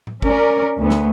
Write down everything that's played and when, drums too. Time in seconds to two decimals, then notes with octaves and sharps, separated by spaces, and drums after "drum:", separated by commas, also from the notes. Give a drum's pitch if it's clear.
0.07 drum: tom A2
0.22 C#4 A#4 D5, drum: kick
0.79 D2 B3
0.90 drum: snare